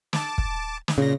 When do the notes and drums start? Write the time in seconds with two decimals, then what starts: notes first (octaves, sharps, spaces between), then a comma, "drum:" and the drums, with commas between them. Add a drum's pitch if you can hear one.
0.13 A5 D6, drum: snare
0.38 drum: kick
0.88 drum: snare
0.98 A#2 C#3 A#6